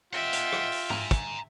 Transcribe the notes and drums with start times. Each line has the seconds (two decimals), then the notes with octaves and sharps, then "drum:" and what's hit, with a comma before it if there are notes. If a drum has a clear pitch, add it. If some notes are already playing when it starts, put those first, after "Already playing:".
0.13 F4 D#5 E5 F#5 G5
0.33 drum: hi-hat
0.52 drum: rim click
0.72 drum: open hi-hat
0.90 G#5 A#5, drum: tom
1.11 drum: kick, hi-hat